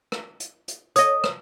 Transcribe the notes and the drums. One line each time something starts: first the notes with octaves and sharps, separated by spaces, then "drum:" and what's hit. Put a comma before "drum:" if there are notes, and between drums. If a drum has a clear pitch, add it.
drum: rim click
drum: hi-hat
drum: hi-hat
C#5 D#5 D#6, drum: hi-hat
drum: rim click